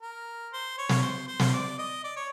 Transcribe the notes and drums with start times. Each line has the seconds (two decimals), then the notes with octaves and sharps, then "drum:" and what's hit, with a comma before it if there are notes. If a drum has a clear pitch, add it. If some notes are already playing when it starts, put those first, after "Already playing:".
0.02 A#4
0.53 C5
0.78 C#5
0.89 drum: snare
1.02 C5
1.28 C5
1.40 drum: snare
1.53 D5
1.79 D#5
2.04 D5
2.17 C#5